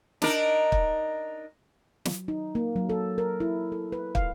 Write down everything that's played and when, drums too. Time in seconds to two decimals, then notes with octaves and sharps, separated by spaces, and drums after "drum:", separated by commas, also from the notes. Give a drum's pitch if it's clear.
0.22 D4 D#4 A#4, drum: snare
0.72 drum: kick
2.05 F#3, drum: snare
2.28 D#4
2.55 A#3
2.76 F#3
2.89 A4
3.18 A#4
3.40 E4
3.72 A4
3.92 B4
4.15 F5, drum: kick